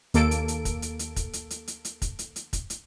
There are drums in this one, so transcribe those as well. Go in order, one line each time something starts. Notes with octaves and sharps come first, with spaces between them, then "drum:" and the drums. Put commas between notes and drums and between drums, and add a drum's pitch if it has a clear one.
D#2 A#3 A4 D7, drum: hi-hat
drum: hi-hat
drum: hi-hat
drum: kick, hi-hat
drum: hi-hat
drum: hi-hat
drum: kick, hi-hat
drum: hi-hat
drum: hi-hat
drum: hi-hat
drum: hi-hat
drum: kick, hi-hat
drum: hi-hat
drum: hi-hat
drum: kick, hi-hat
drum: hi-hat